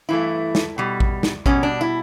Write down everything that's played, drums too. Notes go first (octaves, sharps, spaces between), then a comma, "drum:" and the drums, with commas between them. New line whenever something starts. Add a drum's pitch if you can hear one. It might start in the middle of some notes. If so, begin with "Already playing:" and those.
G2 E3 A3 E4
drum: snare
B2 G3
drum: kick A1
drum: snare
B2 G3 C#4, drum: kick A1
D4
E4